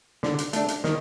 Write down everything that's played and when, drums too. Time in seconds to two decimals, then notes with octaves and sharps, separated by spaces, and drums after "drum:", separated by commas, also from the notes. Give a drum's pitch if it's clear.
0.23 D3, drum: snare
0.38 drum: hi-hat
0.53 A3 D4, drum: hi-hat
0.68 drum: hi-hat
0.84 D#3, drum: snare